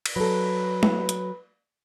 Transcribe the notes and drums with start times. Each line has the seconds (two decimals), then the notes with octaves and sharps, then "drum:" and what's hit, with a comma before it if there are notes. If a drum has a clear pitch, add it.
0.06 drum: cymbal
0.16 F#3 A4 B4
0.83 drum: tom
1.09 drum: hi-hat